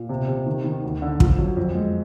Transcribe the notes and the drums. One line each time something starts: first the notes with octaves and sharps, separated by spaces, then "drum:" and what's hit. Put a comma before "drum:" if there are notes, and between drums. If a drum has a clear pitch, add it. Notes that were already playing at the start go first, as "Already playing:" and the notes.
Already playing: A#2
C3
C3
D#3
D#3
D2
D3
F3, drum: kick
F#2
F2
G#3